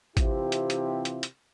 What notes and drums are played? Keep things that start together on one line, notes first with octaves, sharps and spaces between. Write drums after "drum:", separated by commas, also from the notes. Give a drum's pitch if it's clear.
C3 E3 C4 E4 F4 G4, drum: kick G#1, hi-hat
drum: hi-hat
drum: hi-hat
drum: hi-hat
drum: hi-hat